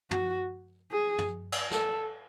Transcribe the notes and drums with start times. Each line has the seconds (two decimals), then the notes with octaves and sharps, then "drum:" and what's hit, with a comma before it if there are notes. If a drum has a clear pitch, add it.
0.11 F#4, drum: tom
0.91 G#4
1.18 drum: tom
1.52 drum: cymbal
1.71 A4, drum: snare